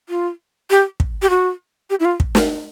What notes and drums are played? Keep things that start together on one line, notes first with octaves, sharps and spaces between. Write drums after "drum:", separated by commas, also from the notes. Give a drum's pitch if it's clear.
F4
G4
drum: kick
G4
F#4
G4
E4
F4
drum: kick
drum: snare